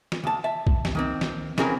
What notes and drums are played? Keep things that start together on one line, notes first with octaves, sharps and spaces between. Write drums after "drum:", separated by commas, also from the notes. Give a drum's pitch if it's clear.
drum: snare
D2 A5
E5 A5
drum: kick B1
drum: snare
D#3 A#3 C4
drum: snare
C#3 E3 C4 C#4 G#4 A#4, drum: snare